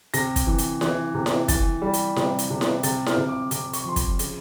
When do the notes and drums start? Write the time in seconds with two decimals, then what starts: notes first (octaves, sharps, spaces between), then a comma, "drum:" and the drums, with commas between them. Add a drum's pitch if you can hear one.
0.14 C3 A#6, drum: hi-hat
0.36 drum: kick, hi-hat
0.47 E3
0.58 drum: hi-hat
0.81 E3, drum: snare E4
1.14 C3
1.26 drum: snare E4
1.48 E3 A6, drum: kick, hi-hat
1.82 G3
1.93 drum: hi-hat
2.16 C3, drum: snare E4
2.39 drum: hi-hat
2.50 C3
2.61 drum: snare E4
2.83 C3 A6, drum: hi-hat
3.06 F6, drum: snare E4
3.17 C3
3.28 D6
3.51 C3 D6, drum: hi-hat
3.73 C#6, drum: hi-hat
3.84 F3 C6
3.96 B5, drum: kick, hi-hat
4.19 C#3, drum: hi-hat